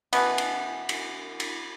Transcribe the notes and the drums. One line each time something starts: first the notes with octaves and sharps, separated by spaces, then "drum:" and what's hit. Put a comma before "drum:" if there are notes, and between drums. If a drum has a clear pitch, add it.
B2 E3 B3, drum: cymbal
drum: cymbal
drum: cymbal
drum: cymbal